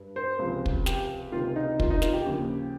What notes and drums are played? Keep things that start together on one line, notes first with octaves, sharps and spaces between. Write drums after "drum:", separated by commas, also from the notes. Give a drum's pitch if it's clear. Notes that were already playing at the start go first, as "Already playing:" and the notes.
Already playing: G2
C5
C#2 C3 F3
drum: kick
G4, drum: snare
C#2 C3 D#3 F4
D#4
F4, drum: kick
D#4
F4, drum: snare
G4
D#2 C#3 F3